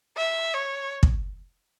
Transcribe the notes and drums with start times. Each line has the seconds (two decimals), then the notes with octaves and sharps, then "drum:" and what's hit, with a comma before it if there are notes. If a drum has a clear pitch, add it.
0.17 E5
0.54 C#5
1.03 drum: kick